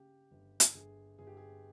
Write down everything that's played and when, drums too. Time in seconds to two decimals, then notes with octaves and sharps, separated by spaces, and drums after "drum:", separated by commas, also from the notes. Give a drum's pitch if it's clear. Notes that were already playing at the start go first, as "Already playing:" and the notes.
Already playing: C#3 G4
0.31 G1
0.60 drum: hi-hat
0.75 G1 G#4
1.19 G1 G#4
1.27 G4
1.37 G#4